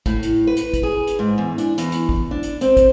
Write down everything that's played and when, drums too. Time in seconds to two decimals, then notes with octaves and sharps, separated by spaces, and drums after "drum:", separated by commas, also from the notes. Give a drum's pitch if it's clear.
0.06 A2, drum: kick, hi-hat
0.23 drum: hi-hat
0.47 B4
0.57 drum: hi-hat
0.74 drum: kick, hi-hat
0.83 G#4
1.07 drum: hi-hat
1.19 G#2
1.38 E2
1.58 D4, drum: hi-hat
1.78 E2, drum: hi-hat
1.92 drum: hi-hat
2.09 drum: kick
2.31 D4
2.43 drum: hi-hat
2.61 C4, drum: hi-hat
2.77 drum: kick, hi-hat